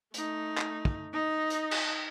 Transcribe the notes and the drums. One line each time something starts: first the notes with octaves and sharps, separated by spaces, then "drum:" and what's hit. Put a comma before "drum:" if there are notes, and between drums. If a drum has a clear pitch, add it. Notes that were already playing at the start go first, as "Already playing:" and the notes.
A3 D#4, drum: hi-hat
drum: clap
drum: kick
D#4 D#5
drum: hi-hat
drum: cymbal